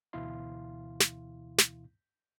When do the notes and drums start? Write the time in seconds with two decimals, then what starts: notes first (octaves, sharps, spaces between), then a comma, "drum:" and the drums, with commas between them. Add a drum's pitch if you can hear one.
0.13 D2 B2 E3 E4 F5 C6
1.00 drum: snare
1.58 drum: snare